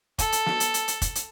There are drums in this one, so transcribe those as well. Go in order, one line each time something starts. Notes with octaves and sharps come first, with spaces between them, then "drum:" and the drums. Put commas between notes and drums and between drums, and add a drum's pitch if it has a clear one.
A4, drum: kick, hi-hat
drum: hi-hat
drum: snare
drum: hi-hat
drum: hi-hat
drum: hi-hat
drum: kick, hi-hat
drum: hi-hat